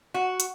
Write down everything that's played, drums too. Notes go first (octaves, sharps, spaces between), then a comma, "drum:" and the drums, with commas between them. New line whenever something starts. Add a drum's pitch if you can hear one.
F#4
drum: hi-hat